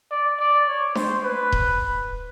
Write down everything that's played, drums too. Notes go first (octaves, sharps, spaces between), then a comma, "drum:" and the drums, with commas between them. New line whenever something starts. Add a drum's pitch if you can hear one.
D5
D5
C#5
C5, drum: snare D4
B4
drum: kick D#1